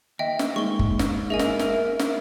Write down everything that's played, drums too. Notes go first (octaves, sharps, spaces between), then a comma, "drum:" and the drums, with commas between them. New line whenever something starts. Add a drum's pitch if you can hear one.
D#2 D#5 E5 G5
drum: snare
G#3 A#3 D#4 C#6 G7
drum: kick
drum: snare
G#4 A#4 D#5 E5 G#5
drum: snare
drum: snare
drum: snare